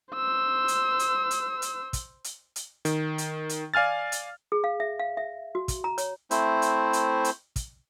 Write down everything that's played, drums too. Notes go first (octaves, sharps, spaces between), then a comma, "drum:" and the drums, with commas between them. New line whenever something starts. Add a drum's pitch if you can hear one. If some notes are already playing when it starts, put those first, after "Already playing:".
C5 E6
drum: hi-hat
drum: hi-hat
drum: hi-hat
drum: hi-hat
drum: kick, hi-hat
drum: hi-hat
drum: hi-hat
D#3, drum: hi-hat
drum: hi-hat
drum: hi-hat
D5 F5 G#5 F6 A6
drum: hi-hat
G#4
F5
E5
F5
E5
F#4
drum: kick, hi-hat
A#5
C#5, drum: hi-hat
A3 C4 E4 C5, drum: hi-hat
drum: hi-hat
drum: hi-hat
drum: hi-hat
drum: kick, hi-hat